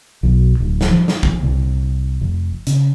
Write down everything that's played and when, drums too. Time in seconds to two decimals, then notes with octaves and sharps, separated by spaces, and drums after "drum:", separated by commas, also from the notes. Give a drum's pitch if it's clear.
0.23 B1
0.60 D1
0.81 drum: snare
0.91 F3
1.08 drum: snare
1.23 drum: kick
1.43 C2
2.21 F1
2.67 C#3, drum: hi-hat